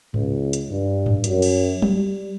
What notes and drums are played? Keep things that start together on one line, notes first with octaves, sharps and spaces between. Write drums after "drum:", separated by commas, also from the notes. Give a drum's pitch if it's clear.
C#2, drum: tom G#2
drum: hi-hat
G2
drum: tom G#2
F#2, drum: hi-hat
drum: cymbal
G3, drum: tom